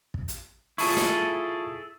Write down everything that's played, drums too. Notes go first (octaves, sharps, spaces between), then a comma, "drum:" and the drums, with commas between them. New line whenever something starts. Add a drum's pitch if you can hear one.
drum: kick
drum: hi-hat
E4 F4 G#4 A4 A5 C#6, drum: open hi-hat
drum: snare